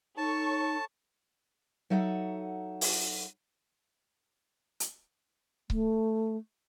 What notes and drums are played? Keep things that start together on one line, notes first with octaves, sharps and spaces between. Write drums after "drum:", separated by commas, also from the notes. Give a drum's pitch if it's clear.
D#4 A4 C#5 A5 C#6
F#3 D#4 A4 E5 F#5
drum: open hi-hat
drum: hi-hat
A3, drum: kick C#1